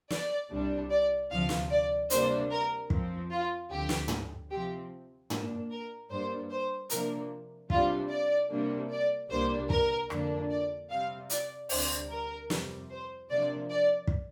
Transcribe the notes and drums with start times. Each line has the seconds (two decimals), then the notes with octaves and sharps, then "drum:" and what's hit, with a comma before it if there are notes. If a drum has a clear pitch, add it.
0.10 D5, drum: snare
0.50 C2 C3 G3 D4
0.90 D5
1.30 D2 C3 F3 F5
1.49 drum: snare
1.70 D5
2.10 C3 G3 A#3 D4 C5, drum: hi-hat
2.50 A#4
2.90 F2 F3 C4, drum: kick
3.30 F4
3.70 D2 D3 F3 C4 G4
3.89 drum: snare
4.08 drum: tom
4.50 C3 F3 C4 G4
5.30 A#2 A#3 D4, drum: tom
5.71 A#4
6.10 G2 G3 A#3 D4 C5
6.50 C5
6.90 C3 F3 A#3 D4 A#4, drum: hi-hat
7.70 C3 G3 D4 F4, drum: kick
8.10 D5
8.50 C3 G3 A#3 D4
8.90 D5
9.30 C2 A#2 G3 A#3 D4 C5
9.70 A#4, drum: kick
10.10 F2 D3 A#3 D4, drum: rim click
10.50 D5
10.90 C3 G3 C4 F5
11.30 D5, drum: hi-hat
11.69 D2 C3 G3 D4 C5, drum: open hi-hat
12.10 A#4
12.50 F2 C3 G3, drum: snare
12.90 C5
13.29 C3 F3 A#3 D4 D5
13.70 D5
14.07 drum: kick